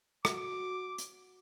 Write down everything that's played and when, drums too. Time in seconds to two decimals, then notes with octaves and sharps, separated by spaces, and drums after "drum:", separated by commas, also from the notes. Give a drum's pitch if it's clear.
0.25 F#4 D6, drum: rim click
0.98 drum: hi-hat